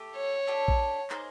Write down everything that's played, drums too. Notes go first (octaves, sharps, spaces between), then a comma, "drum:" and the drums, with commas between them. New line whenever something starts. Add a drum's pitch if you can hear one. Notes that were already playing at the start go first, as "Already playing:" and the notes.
Already playing: A3 G4
C#5
A3 D4 G4
drum: kick A#1
A#3 D#4 G#4 C5, drum: clap